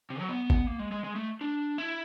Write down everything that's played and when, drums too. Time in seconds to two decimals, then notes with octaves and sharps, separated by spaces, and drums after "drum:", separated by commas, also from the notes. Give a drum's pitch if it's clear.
0.10 C3
0.20 F#3
0.29 B3
0.50 drum: kick G#1
0.67 A#3
0.79 G#3
0.92 G#3
1.04 G#3
1.16 A3
1.41 D4
1.78 E4